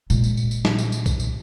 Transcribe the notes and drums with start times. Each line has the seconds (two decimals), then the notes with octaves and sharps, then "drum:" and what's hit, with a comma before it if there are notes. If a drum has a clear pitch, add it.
0.10 A#2 G#3, drum: tambourine
0.24 drum: tambourine
0.37 drum: tambourine
0.51 drum: tambourine
0.65 drum: snare
0.78 drum: tambourine
0.92 drum: tambourine
1.06 drum: kick, tambourine
1.20 drum: tambourine